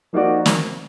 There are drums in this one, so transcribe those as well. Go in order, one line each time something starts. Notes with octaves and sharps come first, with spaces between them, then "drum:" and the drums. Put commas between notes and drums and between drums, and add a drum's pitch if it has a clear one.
F3 A#3 D#4 F#4 D5
drum: snare